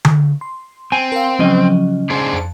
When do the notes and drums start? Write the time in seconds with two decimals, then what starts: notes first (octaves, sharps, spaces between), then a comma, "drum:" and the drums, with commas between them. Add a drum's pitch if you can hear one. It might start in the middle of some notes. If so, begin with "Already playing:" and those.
0.05 drum: tom D3
0.41 C6
0.92 C4 G#5
1.12 A#4 F5
1.39 C#3 F3 F#3 C#4 D#5
2.10 D4 G#4 C5
2.33 F2 A5